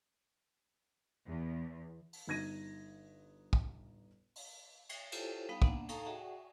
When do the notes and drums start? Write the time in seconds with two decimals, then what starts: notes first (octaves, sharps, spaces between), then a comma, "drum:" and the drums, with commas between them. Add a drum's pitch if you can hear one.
1.26 E2
2.13 drum: open hi-hat
2.27 G1 D#4 G#6 A#6 D#7
3.53 drum: kick
4.36 drum: open hi-hat
4.89 drum: cymbal
5.12 E4 F4 G4 A4 C5 C#5, drum: cymbal
5.49 G3 B3 D#4 F5 G5 B5
5.62 A#3 B3 D4 F#5, drum: kick
5.89 D#4 A4 F5 A5 A#5, drum: cymbal
6.05 F#4 G#4 D5 E5 F#5 G5